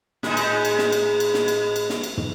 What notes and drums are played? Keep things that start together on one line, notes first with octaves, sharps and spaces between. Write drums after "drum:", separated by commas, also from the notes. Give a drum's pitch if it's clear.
A2 G#3 D#4, drum: snare
drum: cymbal
drum: cymbal
drum: snare
drum: cymbal
drum: cymbal
drum: snare
drum: cymbal
drum: cymbal
drum: snare
drum: cymbal
drum: tom